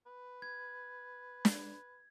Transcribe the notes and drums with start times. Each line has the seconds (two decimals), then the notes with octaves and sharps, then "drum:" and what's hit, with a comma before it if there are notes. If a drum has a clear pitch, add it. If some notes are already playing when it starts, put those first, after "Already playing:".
0.06 B4
0.42 G#6
1.45 drum: snare